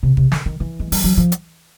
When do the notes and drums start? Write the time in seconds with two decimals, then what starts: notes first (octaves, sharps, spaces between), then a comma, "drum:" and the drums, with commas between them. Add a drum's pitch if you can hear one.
0.03 C3
0.17 C3, drum: kick G#1
0.32 D3, drum: snare
0.46 D#3
0.60 E3
0.80 G#3
0.92 G3, drum: open hi-hat
1.04 F#3
1.17 F3
1.32 drum: hi-hat